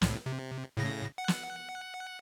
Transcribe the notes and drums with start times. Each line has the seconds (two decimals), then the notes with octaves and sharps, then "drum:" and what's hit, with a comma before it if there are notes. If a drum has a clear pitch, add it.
0.02 C2 A2, drum: snare
0.26 C3
0.77 A2 C#3 A#6
1.18 F#5
1.28 drum: snare